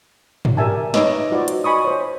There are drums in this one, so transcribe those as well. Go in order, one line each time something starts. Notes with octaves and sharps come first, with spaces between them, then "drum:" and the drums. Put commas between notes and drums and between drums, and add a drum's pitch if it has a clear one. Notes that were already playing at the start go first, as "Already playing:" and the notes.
drum: tom
G4 A#4 D5 E5 G#5 A5
D#4 B4 C#5 D#5 E5 D6, drum: snare
D#4 F4 F#4 B4 C5 D5
drum: hi-hat
D#5 G#5 B5 C#6 D#6
C5 C#5